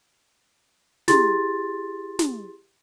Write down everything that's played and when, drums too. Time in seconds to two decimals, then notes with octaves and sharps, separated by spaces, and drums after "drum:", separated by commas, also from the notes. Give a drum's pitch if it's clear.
1.08 E4 G4 G#4 C6 A6, drum: snare
2.19 drum: snare